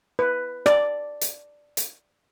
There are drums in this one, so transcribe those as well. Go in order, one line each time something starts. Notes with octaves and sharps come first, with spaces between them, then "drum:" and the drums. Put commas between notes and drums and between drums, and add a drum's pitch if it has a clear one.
B4
D5, drum: rim click
drum: hi-hat
drum: hi-hat